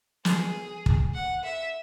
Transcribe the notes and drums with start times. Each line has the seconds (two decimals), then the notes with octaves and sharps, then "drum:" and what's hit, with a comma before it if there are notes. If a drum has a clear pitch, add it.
0.25 G#4, drum: snare
0.86 drum: kick
1.14 F#5
1.44 E5